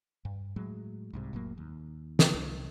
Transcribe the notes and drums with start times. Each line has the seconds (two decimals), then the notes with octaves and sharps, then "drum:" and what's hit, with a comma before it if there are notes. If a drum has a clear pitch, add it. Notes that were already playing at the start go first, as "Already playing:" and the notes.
0.25 G2
0.56 A2 F#3 G#3
1.14 C2 G#2 C3
1.33 F1 A2 F#3 A#3
1.58 D#2
2.19 drum: snare
2.34 C2